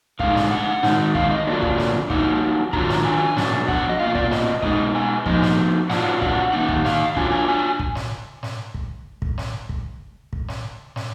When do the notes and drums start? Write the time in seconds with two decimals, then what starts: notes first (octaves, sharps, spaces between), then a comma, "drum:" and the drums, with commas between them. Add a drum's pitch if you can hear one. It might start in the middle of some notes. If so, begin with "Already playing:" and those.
0.19 D3 G#3 D#4 F5, drum: kick
0.36 drum: snare
0.51 F#5
0.83 D#3 G#3 D#4, drum: snare
1.15 F5, drum: kick
1.31 D#5
1.47 D3 F#3 A#3 D4 F4 D5
1.62 drum: kick
1.78 drum: snare
2.10 F#3 A#3 D#4 F#5, drum: kick
2.73 D#3 F#3 D4 F4 A#5, drum: kick
2.89 drum: snare
3.05 G#5
3.37 B2 F#3 D4, drum: snare
3.68 F#5, drum: kick
3.89 D#5
4.00 B2 A#3 F4 F5
4.15 D5, drum: kick
4.31 D#5, drum: snare
4.63 B2 G#3 D#4 D#5, drum: kick
4.95 G#5
5.26 F3 A#3 D#4 D#5, drum: kick
5.42 drum: snare
5.90 A#2 F#3 D4 F4 F#5, drum: snare
6.22 F#5, drum: kick
6.53 D#3 A#3 D#4 F#5
6.69 drum: kick
6.85 F5, drum: snare
7.16 F#3 D4 F4 G#5, drum: kick
7.31 G#5
7.48 G#5
7.79 drum: kick
7.95 drum: snare
8.43 drum: snare
8.74 drum: kick
9.22 drum: kick
9.38 drum: snare
9.69 drum: kick
10.33 drum: kick
10.48 drum: snare
10.96 drum: snare